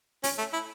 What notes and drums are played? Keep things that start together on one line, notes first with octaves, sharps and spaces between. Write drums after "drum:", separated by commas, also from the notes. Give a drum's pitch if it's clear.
C#4, drum: open hi-hat
A3
E4